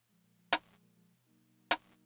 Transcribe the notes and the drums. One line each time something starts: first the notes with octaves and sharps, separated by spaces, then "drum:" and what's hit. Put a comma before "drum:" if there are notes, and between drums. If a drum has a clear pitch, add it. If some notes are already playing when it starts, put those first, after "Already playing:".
Already playing: A#2
F3 G#3
A#2
F3 G#3
A#2, drum: hi-hat
F3 G#3
A#2
F3 G#3
B2
F#3 A#3 D#4
B2
F#3 A#3 D#4
B2, drum: hi-hat
F#3 A#3 D#4